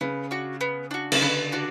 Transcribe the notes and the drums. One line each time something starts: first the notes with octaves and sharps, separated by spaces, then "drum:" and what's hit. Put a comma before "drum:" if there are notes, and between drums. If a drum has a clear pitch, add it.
C#3 B3
D4 F#4
B3
D4 F#4
C#3, drum: cymbal
D3 B3
D4 F#4